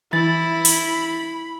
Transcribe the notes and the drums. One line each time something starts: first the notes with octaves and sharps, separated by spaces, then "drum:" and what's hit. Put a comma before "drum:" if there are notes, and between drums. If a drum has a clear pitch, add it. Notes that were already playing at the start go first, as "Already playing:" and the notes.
E3 E4 B5 A6
drum: open hi-hat